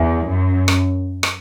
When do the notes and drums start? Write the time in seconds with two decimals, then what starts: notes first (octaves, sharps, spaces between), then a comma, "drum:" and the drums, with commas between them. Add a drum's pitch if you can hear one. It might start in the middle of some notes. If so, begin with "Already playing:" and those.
Already playing: E2 E5 G#5
0.27 F#2
0.68 drum: rim click
1.23 drum: rim click